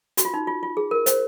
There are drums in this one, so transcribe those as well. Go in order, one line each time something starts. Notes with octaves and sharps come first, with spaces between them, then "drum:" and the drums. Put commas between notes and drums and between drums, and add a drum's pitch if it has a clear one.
F#4, drum: hi-hat
F4
D#4
F4
F4
G#4
A#4
C5, drum: hi-hat